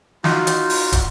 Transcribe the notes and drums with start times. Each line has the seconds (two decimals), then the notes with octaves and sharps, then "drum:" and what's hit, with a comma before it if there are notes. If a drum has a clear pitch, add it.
0.24 D#4 F4 F#4, drum: snare
0.47 drum: hi-hat
0.70 drum: open hi-hat
0.92 drum: kick, hi-hat